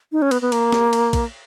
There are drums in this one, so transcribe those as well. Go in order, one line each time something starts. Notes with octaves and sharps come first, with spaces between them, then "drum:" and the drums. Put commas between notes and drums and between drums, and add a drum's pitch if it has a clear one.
D#4
C#4
B3, drum: cymbal
B3
A#3, drum: cymbal
drum: snare
drum: cymbal
drum: kick, cymbal